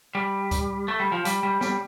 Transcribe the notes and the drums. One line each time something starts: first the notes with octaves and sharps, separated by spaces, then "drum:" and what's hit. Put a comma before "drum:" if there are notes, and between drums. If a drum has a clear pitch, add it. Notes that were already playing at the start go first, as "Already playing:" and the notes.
G3
drum: kick C#2, hi-hat
A3
G3
F3
G3, drum: hi-hat
G3
G3, drum: snare